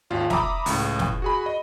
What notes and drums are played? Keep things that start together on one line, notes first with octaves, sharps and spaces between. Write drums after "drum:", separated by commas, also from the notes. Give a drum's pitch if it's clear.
G#1 D#2 F4
E5 A#5 B5 D6 D#6, drum: snare
C#2 A2, drum: open hi-hat
drum: snare
F#4 G#4 B5
D#5